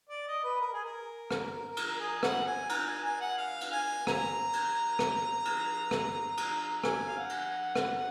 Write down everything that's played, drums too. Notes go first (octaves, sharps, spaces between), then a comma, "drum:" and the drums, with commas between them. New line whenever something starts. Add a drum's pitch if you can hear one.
D5
D#5
B4
A#4
G#4
A#4
drum: rim click
drum: cymbal
A#4
G#4
F#5, drum: rim click
G#5
A#5, drum: cymbal
G#5
G#5
F#5
F5
drum: cymbal
G#5
A#5, drum: rim click
drum: cymbal
drum: rim click
drum: cymbal
drum: rim click
drum: cymbal
G#5, drum: rim click
F5
F#5
drum: cymbal
drum: rim click